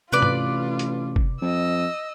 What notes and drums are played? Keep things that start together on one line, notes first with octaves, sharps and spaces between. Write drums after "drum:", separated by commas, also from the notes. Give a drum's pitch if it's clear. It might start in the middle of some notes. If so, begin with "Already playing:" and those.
A1 C3 F4 B4 D5
drum: tom G#2
drum: hi-hat
drum: kick
F2 D#5 E6